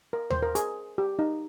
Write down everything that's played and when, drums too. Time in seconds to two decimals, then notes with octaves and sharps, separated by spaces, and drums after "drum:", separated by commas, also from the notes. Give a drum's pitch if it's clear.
0.13 A#4
0.30 C5, drum: tom D#2
0.42 A#4
0.55 G#4, drum: hi-hat
0.98 G4
1.19 D#4